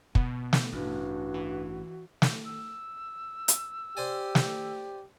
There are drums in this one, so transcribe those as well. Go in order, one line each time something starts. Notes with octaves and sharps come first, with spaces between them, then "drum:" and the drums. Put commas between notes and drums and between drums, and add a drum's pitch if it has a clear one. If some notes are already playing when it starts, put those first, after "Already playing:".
B2 B3, drum: kick
drum: snare
A1 G2 F#4
E3
drum: snare
E6
drum: hi-hat
G4 C5 D5 G#5
drum: snare